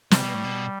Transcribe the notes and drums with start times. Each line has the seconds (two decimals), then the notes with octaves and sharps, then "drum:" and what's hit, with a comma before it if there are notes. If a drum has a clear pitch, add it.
0.11 C3 G3, drum: snare
0.23 B2
0.33 A2
0.44 B2